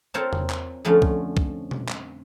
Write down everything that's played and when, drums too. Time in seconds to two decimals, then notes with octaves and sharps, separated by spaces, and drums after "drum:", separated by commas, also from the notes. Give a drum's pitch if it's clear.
0.14 C4 F4 A#4 C5 C#5 A5
0.33 drum: tom E2
0.50 drum: clap
0.85 F2 D3 F3 A3 C#4 F5
1.02 drum: kick C2
1.37 drum: kick C2
1.71 drum: tom B2
1.89 drum: clap